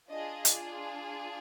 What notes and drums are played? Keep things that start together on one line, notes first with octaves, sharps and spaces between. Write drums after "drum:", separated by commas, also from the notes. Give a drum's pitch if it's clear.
D4 F4 G#4 D#5
drum: hi-hat